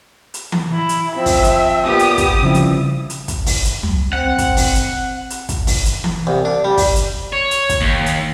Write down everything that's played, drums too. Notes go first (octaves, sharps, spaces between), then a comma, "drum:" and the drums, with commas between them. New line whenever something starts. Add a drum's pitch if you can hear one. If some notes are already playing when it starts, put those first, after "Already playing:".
drum: hi-hat
drum: tom E3
E4
drum: hi-hat
F3 C4 E5
drum: kick, open hi-hat
drum: hi-hat
A#2 B3 G4 D#6
drum: hi-hat
drum: kick, hi-hat
C#3 F3 G3 C4 E4
drum: hi-hat
drum: hi-hat
drum: kick, hi-hat
drum: kick, open hi-hat
drum: hi-hat
drum: tom
C4 F#5
drum: kick, hi-hat
drum: kick, open hi-hat
drum: hi-hat
drum: hi-hat
drum: kick, hi-hat
drum: kick, open hi-hat
drum: hi-hat
drum: tom E3
C2
D4
G3
drum: kick, open hi-hat
drum: hi-hat
C#5
drum: hi-hat
drum: kick, hi-hat
D#2
drum: hi-hat